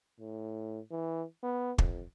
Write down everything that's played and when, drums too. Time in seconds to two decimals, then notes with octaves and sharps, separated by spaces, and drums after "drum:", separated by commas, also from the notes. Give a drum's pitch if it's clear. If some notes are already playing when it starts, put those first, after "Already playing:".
0.20 A2
0.91 E3
1.43 B3
1.78 F2, drum: kick